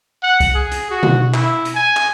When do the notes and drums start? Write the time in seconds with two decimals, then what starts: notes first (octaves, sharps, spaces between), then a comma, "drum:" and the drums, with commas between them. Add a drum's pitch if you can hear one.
0.23 F#5
0.40 drum: kick C2, hi-hat
0.55 G#4
0.72 drum: hi-hat
0.91 F#4
1.03 drum: tom B2
1.34 E4, drum: clap
1.65 drum: hi-hat
1.75 G#5
1.96 drum: clap